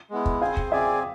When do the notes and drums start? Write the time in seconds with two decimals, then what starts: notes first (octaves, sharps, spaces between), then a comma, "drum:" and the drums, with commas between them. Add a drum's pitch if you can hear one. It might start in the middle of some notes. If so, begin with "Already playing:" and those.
0.10 G#3 B3 E4
0.26 drum: kick
0.41 C4 G#4 C5 F5 G#5
0.57 drum: kick
0.72 C4 G#4 D5 E5 G#5